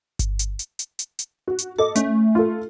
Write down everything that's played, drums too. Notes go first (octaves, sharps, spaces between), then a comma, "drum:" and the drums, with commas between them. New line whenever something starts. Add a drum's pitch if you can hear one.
drum: kick G1, hi-hat
drum: hi-hat
drum: hi-hat
drum: hi-hat
drum: hi-hat
drum: hi-hat
F#4
drum: hi-hat
A4 D#5 D6
A3 C#4, drum: hi-hat
F4 A4